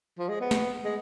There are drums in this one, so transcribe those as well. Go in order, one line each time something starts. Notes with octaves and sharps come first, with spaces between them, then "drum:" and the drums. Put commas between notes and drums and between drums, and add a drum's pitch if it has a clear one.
F3
G#3
B3
drum: snare
G#3